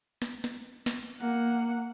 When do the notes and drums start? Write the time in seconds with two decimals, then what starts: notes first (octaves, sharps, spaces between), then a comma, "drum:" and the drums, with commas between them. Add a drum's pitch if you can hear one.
0.22 drum: snare
0.44 drum: snare
0.86 drum: snare
1.21 A#3 F#5, drum: hi-hat